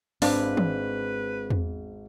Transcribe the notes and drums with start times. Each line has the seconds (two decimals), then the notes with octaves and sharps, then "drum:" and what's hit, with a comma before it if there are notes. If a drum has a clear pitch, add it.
0.22 G#1 C4 D4 B4 F5, drum: open hi-hat
0.57 drum: tom
1.50 drum: tom E2